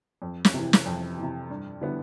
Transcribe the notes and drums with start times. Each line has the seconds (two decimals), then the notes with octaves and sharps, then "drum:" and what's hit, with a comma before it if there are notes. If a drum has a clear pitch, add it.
0.22 F2
0.45 drum: snare
0.54 C3 E3
0.73 drum: snare
0.86 F2
1.18 C3 E3
1.50 G2
1.81 D3 G3 B3 E4